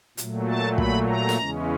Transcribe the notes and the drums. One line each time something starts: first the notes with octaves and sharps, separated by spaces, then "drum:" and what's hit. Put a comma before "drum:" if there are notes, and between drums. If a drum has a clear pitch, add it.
A#2 F#3 A3, drum: hi-hat
A5
B5, drum: kick
A#5
drum: snare
E2 C#3 E3 G#3 C#4